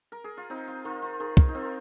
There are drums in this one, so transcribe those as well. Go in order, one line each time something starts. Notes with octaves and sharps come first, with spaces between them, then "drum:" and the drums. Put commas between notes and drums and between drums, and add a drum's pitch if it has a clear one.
A#4
G#4
F4
C4 D#4
F4
D#3 F4
F4
D#3 G#4
A#4, drum: kick
D#4
C4 F4
A#4